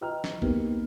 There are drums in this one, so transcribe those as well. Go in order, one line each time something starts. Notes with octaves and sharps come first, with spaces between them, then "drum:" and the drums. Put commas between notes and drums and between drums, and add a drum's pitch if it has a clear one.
B4 D#5 G5 A#5 F6
drum: snare
A#3 B3 D#4 G4 A#4 B4, drum: kick